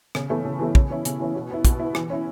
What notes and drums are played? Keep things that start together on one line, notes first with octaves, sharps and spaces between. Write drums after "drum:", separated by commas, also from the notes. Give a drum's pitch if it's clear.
C#3, drum: rim click
E3 A3 E4
C#3
E3 A3 E4
C#3, drum: kick
E3 C#4 E4
C#3, drum: hi-hat
E3 C#4 E4
B2
B3 E4
B2, drum: kick, hi-hat
B3 E4
E3, drum: rim click
C#4 E4